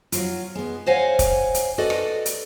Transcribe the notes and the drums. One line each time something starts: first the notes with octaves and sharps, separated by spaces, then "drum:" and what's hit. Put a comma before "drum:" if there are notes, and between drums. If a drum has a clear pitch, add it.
F#3 F4, drum: hi-hat
G#3 B3
C5 C#5 D#5 F5 F#5 G#5
drum: kick, hi-hat
drum: hi-hat
F#4 A4 B4 D5 D#5
drum: rim click
drum: hi-hat